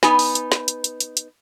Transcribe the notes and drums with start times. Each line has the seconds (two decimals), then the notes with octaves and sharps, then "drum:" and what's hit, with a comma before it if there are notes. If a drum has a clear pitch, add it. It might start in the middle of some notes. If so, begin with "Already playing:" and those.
0.03 B3 D#4 B4 G#5, drum: snare
0.19 drum: open hi-hat
0.35 drum: hi-hat
0.52 drum: snare
0.68 drum: hi-hat
0.84 drum: hi-hat
1.00 drum: hi-hat
1.17 drum: hi-hat